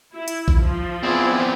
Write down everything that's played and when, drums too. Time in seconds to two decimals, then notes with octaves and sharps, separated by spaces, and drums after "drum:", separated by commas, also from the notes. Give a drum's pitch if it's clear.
0.14 E4
0.28 drum: hi-hat
0.48 drum: kick A#1
0.59 F3
1.03 B3 C4 E4 G#4 D5